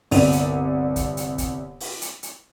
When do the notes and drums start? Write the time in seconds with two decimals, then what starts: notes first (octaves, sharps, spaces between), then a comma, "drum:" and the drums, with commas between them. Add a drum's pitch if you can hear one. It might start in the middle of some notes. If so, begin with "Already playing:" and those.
0.11 G1 C2 D5 D#7 F7, drum: open hi-hat
0.32 drum: hi-hat
0.96 drum: kick, hi-hat
1.17 drum: hi-hat
1.38 drum: kick, hi-hat
1.80 drum: open hi-hat
2.02 drum: hi-hat
2.23 drum: hi-hat